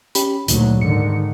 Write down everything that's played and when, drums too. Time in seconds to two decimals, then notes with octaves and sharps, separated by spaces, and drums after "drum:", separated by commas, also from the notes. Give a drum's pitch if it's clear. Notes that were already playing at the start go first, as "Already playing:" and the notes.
0.15 C#4 G4 B5, drum: hi-hat
0.48 D2 A#2 D#3 F#3, drum: hi-hat
0.81 G#2 D3 D#3 C#7